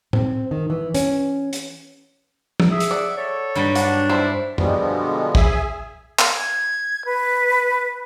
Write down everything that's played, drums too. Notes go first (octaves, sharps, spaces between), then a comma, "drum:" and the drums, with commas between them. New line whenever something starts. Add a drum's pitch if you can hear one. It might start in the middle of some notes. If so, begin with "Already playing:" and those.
C4, drum: tom A2
D#3
E3
C#4, drum: hi-hat
drum: hi-hat
drum: tom
G#4 E5
drum: hi-hat
D5 F#5
A4 C#5
G2 F#3 G3
D4 F#5, drum: hi-hat
G3 E4 C5
B2 D3 F3 G3 G#3 B3, drum: tom F#2
G#4 E5 G#5, drum: kick
drum: clap
G#6
B4